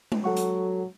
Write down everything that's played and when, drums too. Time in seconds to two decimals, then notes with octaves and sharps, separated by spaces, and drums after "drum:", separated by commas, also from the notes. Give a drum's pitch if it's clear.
0.12 drum: tom G#3
0.24 F#3 A4 F#5 C#6
0.37 drum: hi-hat